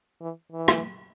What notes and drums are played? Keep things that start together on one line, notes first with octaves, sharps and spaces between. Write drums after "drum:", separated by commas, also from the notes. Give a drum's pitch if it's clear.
E3
E3
drum: rim click